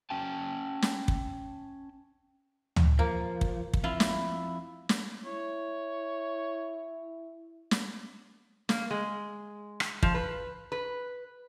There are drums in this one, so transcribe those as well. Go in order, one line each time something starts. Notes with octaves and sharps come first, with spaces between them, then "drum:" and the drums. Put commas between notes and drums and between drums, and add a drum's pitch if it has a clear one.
C#4 G5 A5
drum: snare
drum: kick
drum: tom
F3 A#3
drum: kick
drum: kick
F2 E4 F4
drum: snare
drum: snare
E4 C#5
drum: snare
A#3, drum: snare
G#3
drum: rim click
F3, drum: kick
B4
B4